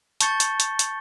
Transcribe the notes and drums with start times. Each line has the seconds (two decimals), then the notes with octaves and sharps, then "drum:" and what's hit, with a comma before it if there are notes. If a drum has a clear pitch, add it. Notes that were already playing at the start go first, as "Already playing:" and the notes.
0.20 A5 C#6 G6 A6 C#7 G7, drum: hi-hat
0.40 drum: hi-hat
0.60 drum: hi-hat
0.79 drum: hi-hat